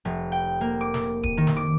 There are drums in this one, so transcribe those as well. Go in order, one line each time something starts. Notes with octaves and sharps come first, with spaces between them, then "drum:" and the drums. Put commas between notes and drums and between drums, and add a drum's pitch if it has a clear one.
F1
G5
A#3
D6
drum: snare
D#7, drum: kick
D#3
drum: snare
D6